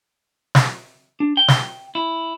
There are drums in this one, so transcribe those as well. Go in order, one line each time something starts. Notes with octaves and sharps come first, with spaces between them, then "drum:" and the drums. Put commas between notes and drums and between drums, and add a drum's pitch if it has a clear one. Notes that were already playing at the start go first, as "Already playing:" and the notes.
drum: snare
D4
G5
drum: snare
E4